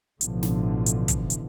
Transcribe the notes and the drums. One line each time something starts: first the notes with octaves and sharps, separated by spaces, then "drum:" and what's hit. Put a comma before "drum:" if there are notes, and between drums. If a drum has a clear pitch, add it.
A1 B2 D3 E3 F3, drum: hi-hat
drum: snare
drum: hi-hat
drum: kick, hi-hat
drum: hi-hat